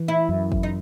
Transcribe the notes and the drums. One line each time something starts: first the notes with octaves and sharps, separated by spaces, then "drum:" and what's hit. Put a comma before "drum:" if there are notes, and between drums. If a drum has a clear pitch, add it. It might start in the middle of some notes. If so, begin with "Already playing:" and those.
Already playing: E3
E4
F#2
drum: kick G1
D#4